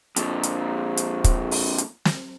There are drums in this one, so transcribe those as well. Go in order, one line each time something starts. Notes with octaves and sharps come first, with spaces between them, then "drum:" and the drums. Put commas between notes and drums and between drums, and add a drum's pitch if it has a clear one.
F2 A#2, drum: hi-hat
drum: hi-hat
drum: hi-hat
drum: kick, hi-hat
drum: open hi-hat
drum: hi-hat
drum: snare